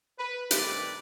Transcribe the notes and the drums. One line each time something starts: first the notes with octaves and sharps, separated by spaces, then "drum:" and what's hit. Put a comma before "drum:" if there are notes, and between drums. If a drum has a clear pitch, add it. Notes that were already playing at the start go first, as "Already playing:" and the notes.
B4
G2 C3 D#3 A3 B4 D5, drum: hi-hat